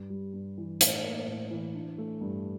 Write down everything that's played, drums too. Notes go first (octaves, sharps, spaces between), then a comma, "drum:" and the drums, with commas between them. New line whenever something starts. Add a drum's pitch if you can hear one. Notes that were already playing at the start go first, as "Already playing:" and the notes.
Already playing: G2
G3
G2
E3
A2, drum: hi-hat
A#3
A2
E3
D4
A3
G2